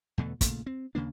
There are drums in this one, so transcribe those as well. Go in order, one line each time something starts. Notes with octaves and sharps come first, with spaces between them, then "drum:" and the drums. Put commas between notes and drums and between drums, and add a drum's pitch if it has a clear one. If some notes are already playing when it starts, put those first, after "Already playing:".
E2 B2 D3 A3
A#2 C#3 A3, drum: kick, hi-hat
C4
D#2 C#3 A#3 D4